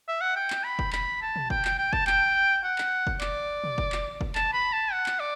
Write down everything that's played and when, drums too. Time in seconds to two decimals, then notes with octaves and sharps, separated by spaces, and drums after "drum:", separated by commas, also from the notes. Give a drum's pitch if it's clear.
0.08 E5
0.21 F#5
0.36 G5
0.50 drum: clap
0.64 B5
0.79 drum: kick
0.93 B5, drum: clap
1.22 A5
1.36 drum: tom
1.50 G5, drum: kick
1.65 G5, drum: clap
1.78 G5
1.93 A5, drum: kick
2.07 G5, drum: clap
2.64 F#5
2.78 drum: clap
3.07 drum: kick
3.21 D5, drum: clap
3.64 drum: tom
3.78 drum: kick
3.92 drum: clap
4.21 drum: kick
4.35 A5, drum: clap
4.53 B5
4.73 A5
4.92 F#5
5.06 drum: clap
5.20 D5